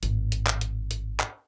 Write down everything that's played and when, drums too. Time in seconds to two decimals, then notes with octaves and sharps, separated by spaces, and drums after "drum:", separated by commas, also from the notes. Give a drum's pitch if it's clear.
0.03 G#1 A2, drum: hi-hat
0.32 drum: hi-hat
0.47 drum: clap
0.61 drum: hi-hat
0.91 drum: hi-hat
1.20 drum: clap